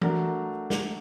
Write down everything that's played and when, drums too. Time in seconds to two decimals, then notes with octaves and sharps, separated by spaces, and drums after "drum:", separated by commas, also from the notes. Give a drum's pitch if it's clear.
0.01 F#3 A3 D4 F#4 A#4, drum: tom
0.70 drum: snare